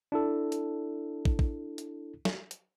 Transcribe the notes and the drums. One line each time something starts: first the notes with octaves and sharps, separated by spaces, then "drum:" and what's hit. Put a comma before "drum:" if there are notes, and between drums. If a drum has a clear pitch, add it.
D4 E4 A4
drum: hi-hat
drum: kick
drum: kick
drum: hi-hat
drum: snare
drum: hi-hat